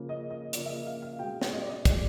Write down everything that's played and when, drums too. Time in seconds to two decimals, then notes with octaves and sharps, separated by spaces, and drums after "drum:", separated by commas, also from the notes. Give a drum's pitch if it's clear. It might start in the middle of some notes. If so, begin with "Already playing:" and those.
Already playing: C#3 F3 A#3
0.09 D#5
0.30 D#5
0.53 C#3 F3 A#3 D5, drum: hi-hat
0.66 E5
0.69 D#5
0.86 F5
1.02 F5
1.19 B2 G#3 G5
1.42 drum: snare
1.53 D#5
1.62 D5
1.69 D#5
1.85 B2 G#3 D5, drum: kick, hi-hat